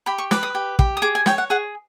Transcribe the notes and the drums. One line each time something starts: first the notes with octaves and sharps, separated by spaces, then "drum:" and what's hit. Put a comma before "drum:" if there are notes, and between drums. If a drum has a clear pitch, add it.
G4 B5
C#6
B4 D6, drum: snare
D#6
G4
G4, drum: kick
D#6
G#4 D6
G#5
C#5 G5, drum: snare
F#5
G#4 F#5